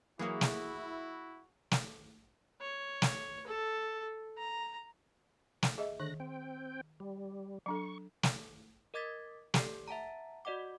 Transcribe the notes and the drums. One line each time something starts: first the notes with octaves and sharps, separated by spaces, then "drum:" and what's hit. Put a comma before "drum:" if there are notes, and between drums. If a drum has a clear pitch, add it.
E3 F#3 A#3 E4 F#4 G#4 C#5
drum: snare
drum: snare
C#5
drum: snare
A4
A#5
drum: snare
G#4 D#5 E5
D3 D#3 F#6 A#6
C4 G5
G3
F#3 D4 A4 C#6
drum: snare
A#4 D#5 D6 G#6 A6 B6
G4 A4 D5, drum: snare
E5 F#5 A5 A#5
F#4 D5 D#5 F#5 D6